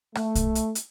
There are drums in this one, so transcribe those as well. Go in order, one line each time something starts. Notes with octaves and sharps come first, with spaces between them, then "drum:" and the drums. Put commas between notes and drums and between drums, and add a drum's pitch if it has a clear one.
A3, drum: rim click
drum: kick, hi-hat
drum: hi-hat
drum: hi-hat